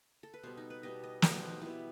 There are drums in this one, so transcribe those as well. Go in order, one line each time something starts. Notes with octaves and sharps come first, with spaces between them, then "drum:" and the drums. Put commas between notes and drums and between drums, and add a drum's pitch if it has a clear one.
A4
B4
B2 G3 B3 C5
D#4
B4
B2 G3 B3 D#5
D#5
B2 G3 B3 D#5, drum: snare
C5
D#4
B2 G3 B3 E4